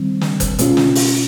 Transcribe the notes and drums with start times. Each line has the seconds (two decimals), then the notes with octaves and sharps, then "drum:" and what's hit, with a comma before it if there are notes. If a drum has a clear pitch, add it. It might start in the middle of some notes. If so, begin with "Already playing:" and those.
Already playing: D#3 G3 C4
0.21 drum: snare
0.40 drum: kick F#1, hi-hat
0.59 B2 G#3 C#4 F4, drum: hi-hat
0.77 drum: snare
0.95 drum: open hi-hat